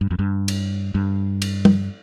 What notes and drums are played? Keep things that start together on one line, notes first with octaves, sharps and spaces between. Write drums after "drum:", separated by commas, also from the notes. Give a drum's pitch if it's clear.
G2
F2
G2
drum: cymbal
G2
drum: cymbal
drum: tom